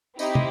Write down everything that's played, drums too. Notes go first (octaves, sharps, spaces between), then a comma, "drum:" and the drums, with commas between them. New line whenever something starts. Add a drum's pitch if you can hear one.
C4 D#4 E4 G4 D#5, drum: tambourine
drum: tom